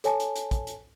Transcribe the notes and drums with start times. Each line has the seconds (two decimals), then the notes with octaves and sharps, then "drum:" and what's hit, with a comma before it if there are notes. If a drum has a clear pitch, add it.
0.04 A4 C#5 G#5 A5, drum: hi-hat
0.20 drum: hi-hat
0.36 drum: hi-hat
0.51 drum: kick, hi-hat
0.67 drum: hi-hat